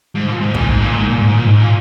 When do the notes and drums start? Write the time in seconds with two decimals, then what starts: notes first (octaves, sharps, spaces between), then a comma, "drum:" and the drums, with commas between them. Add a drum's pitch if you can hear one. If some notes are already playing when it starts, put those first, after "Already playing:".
0.15 G#2
0.28 A#2
0.41 G#2
0.55 A#2, drum: kick
0.68 G#2
0.81 A#2
0.94 G#2
1.08 A#2
1.21 G#2
1.34 A#2
1.47 G#2
1.60 A#2